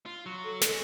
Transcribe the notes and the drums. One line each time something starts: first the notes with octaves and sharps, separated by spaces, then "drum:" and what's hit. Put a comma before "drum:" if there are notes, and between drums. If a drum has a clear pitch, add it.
F4
F#3
A4
G#3 C#4, drum: snare